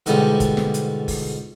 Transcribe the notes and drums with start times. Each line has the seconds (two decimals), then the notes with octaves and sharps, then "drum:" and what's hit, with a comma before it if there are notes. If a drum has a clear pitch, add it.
0.06 G#2 B2 D3 F3 G3 G#3, drum: hi-hat
0.40 drum: kick F#1, hi-hat
0.57 drum: snare
0.74 drum: hi-hat
1.08 drum: kick F#1, open hi-hat